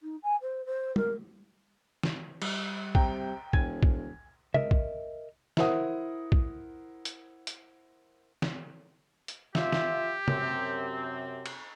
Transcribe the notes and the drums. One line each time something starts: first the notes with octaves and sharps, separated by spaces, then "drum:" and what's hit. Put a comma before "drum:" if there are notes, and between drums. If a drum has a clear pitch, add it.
D#4
G#5
C5
C5
A#4, drum: tom
drum: snare
G3, drum: cymbal
C3 G5 A#5, drum: kick
E1 G5 G#5 G#6, drum: kick
drum: kick
A#4 D#5 E5, drum: tom
drum: kick
E4 A#4 C5 F#5 D#6, drum: snare
drum: kick
drum: hi-hat
drum: hi-hat
drum: snare
drum: hi-hat
F4 G4 E5, drum: snare
drum: snare
F#2 C3 C4, drum: tom
drum: cymbal